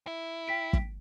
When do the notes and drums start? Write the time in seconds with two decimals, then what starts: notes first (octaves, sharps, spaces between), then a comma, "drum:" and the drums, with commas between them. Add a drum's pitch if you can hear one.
0.07 E4
0.47 G5 B6 D7
0.73 drum: kick